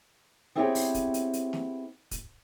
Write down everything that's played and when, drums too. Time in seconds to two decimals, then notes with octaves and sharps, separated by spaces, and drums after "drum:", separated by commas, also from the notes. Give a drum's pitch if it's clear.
0.55 B3 C4 E4 G4 G#4 C#5
0.75 drum: open hi-hat
0.94 drum: kick, hi-hat
1.14 drum: hi-hat
1.33 drum: hi-hat
1.53 drum: snare
2.11 drum: kick, hi-hat